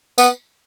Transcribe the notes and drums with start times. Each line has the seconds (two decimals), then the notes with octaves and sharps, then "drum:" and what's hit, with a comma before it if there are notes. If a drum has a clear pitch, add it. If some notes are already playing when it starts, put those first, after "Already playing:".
0.18 B3, drum: tambourine